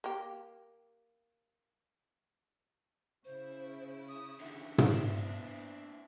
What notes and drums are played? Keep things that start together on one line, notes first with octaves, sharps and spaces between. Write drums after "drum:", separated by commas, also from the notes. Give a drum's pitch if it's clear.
A#3 G4
C#3 E4 C5
D#6
E2 D3 E5
drum: tom
B3 C4 D4